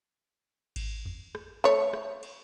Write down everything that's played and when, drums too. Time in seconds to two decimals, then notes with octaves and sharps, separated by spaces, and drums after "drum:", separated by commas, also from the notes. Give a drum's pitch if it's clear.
0.76 drum: kick G#1, cymbal
1.05 drum: tom E2
1.35 drum: rim click
1.64 A3 C#5
1.93 drum: rim click
2.23 drum: cymbal